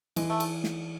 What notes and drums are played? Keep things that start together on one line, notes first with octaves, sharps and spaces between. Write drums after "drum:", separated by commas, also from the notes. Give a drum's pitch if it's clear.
E3 G#3, drum: cymbal
A3
drum: cymbal
drum: snare